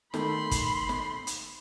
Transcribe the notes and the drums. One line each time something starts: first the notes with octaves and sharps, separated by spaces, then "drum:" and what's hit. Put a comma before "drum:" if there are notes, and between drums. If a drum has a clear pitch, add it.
D#3 A3 B5 C6, drum: snare
drum: kick, hi-hat
drum: snare
drum: hi-hat